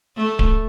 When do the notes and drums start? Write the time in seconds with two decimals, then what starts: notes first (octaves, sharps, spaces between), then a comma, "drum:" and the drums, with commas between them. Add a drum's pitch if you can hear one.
0.17 A3
0.39 drum: kick D1